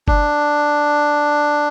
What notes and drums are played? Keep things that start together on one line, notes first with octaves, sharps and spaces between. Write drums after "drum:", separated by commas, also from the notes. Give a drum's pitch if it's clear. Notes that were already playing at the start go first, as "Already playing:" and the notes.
D4, drum: kick F#1